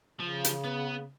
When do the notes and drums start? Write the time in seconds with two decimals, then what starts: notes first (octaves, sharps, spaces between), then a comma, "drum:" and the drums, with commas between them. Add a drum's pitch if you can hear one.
0.20 C#3 F3
0.44 drum: hi-hat
0.65 B3